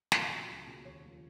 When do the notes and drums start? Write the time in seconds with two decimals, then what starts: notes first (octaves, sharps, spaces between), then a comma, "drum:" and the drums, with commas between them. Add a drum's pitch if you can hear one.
0.12 A#2, drum: snare
0.30 F#3 C#4
0.48 C#2
0.67 B2 A#3 C#4
0.85 D#2 C#5
1.03 C#3 F3 A#3